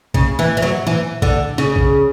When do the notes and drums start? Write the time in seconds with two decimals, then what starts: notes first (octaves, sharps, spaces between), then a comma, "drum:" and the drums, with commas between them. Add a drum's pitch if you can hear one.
0.14 C#3, drum: kick
0.39 E3
0.57 E3
0.62 F#3
0.87 E3
1.22 D3, drum: kick
1.58 C#3, drum: snare
1.76 drum: kick